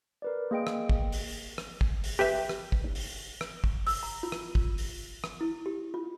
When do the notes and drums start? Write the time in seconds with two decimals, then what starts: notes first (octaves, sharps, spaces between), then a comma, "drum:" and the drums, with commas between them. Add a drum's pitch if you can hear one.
0.22 A#4 B4 D5
0.51 A#3 G#4 D#5 G5 D7
0.67 drum: rim click
0.89 drum: kick
1.12 drum: open hi-hat
1.58 drum: rim click
1.81 drum: kick
2.04 drum: open hi-hat
2.19 G4 B4 E5
2.49 drum: rim click
2.72 drum: kick
2.95 drum: open hi-hat
3.41 drum: rim click
3.64 drum: kick
3.87 E6, drum: open hi-hat
4.03 A#5
4.23 F4
4.32 drum: rim click
4.55 drum: kick
4.78 drum: open hi-hat
5.24 drum: rim click
5.41 E4
5.66 G4
5.94 F4